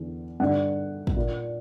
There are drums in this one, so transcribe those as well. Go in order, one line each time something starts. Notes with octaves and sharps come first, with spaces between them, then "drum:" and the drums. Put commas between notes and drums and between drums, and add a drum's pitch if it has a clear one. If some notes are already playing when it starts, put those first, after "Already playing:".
Already playing: E2 D3
G2 D3 F#5
drum: kick
A#2